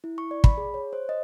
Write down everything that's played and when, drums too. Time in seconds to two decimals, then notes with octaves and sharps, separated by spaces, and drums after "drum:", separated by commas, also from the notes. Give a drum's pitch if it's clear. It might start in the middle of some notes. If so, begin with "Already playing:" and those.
0.04 E4
0.18 C#6
0.31 D5
0.44 B5, drum: kick
0.58 G#4
0.74 C#5
0.93 C5
1.09 D#5